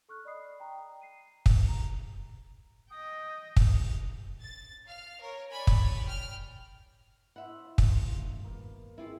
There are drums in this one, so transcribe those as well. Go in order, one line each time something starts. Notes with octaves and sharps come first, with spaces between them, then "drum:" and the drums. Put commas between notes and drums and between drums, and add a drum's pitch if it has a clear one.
A4 C#6 F6 F#6
D5 D#5 B5 D#6 C7
G5 A#5
A#5
C7 D#7
drum: kick
A#5
D#5 G5 D#6
drum: kick
A6
F5 F6
A#4 C#5
C#5 D5 G#5 B5
drum: kick
G5 F6
E4 C5 E5 F#5
F4
drum: kick
G2 D#3 A3
B2 A#3
G#3 C4 E4 F4 G4